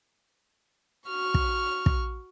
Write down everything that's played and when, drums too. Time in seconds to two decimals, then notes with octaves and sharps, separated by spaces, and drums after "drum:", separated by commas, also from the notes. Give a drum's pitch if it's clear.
1.09 F#4 C#6 F6
1.34 drum: kick
1.86 drum: kick